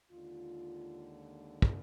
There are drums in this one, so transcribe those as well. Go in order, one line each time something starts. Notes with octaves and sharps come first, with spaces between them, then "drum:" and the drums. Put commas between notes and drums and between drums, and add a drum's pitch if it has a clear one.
D#2 D3 G#3 F4
drum: kick